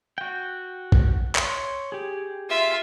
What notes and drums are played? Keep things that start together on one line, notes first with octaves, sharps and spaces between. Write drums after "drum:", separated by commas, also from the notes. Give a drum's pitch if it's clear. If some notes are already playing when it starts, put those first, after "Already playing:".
F#4 G5
drum: kick
C#5 C6, drum: clap
G4 G#4
F4 E5